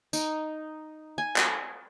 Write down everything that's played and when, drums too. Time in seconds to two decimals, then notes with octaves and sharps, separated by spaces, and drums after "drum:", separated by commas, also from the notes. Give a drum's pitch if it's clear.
0.13 D#4, drum: tambourine
1.18 G#5
1.36 drum: clap